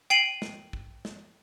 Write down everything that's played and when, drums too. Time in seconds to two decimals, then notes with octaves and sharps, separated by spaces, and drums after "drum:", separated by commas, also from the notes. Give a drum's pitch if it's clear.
0.10 G5 C7 D#7 F#7
0.42 drum: snare
0.73 drum: kick
1.05 drum: snare